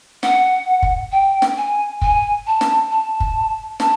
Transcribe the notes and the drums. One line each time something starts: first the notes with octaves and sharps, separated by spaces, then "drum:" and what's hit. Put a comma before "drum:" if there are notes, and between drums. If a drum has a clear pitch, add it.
F#5, drum: snare
drum: kick
G5
drum: snare
G#5
G#5, drum: kick
A5
drum: snare
A5
drum: kick
A5, drum: snare